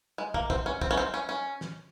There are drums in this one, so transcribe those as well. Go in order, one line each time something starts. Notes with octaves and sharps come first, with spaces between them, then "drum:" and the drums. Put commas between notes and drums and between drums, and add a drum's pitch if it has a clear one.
G#3
A#3, drum: kick
C4, drum: kick
C#4
C4, drum: kick
C#4
C4
C#4
C#4
drum: snare